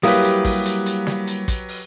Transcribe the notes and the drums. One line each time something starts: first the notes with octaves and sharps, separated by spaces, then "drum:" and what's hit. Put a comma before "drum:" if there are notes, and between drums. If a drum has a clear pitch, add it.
F#3 G3 A#3 E4 G4 B4 F5 D#6, drum: open hi-hat
drum: hi-hat
drum: kick, open hi-hat
drum: hi-hat
drum: hi-hat
drum: snare
drum: hi-hat
drum: kick, hi-hat
drum: open hi-hat